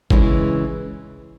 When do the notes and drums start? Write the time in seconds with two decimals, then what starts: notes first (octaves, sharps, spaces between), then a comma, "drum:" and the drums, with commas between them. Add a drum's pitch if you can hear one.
0.10 C#3 E3 G#3 E4, drum: kick